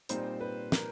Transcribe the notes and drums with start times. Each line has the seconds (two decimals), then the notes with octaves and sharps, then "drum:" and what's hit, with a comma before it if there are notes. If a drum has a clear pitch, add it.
0.09 A#2 G3 C4 D#4 C5, drum: hi-hat
0.41 B4
0.72 A#4, drum: snare